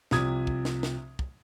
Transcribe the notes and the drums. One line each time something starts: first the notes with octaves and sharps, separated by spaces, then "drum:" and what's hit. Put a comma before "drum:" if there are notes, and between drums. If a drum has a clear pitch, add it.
C2 C3 F3 D#6 G#6, drum: snare
drum: kick
drum: snare
drum: snare
drum: kick